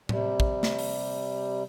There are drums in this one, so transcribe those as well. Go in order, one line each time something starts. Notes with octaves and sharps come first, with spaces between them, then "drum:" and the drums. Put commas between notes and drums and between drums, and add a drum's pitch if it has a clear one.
C3 G3, drum: tom A2
drum: kick
drum: snare
drum: open hi-hat